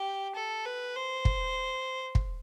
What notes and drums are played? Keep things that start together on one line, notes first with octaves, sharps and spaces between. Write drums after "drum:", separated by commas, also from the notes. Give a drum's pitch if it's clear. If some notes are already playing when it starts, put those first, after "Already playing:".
Already playing: G4
A4
B4
C5
drum: kick
drum: kick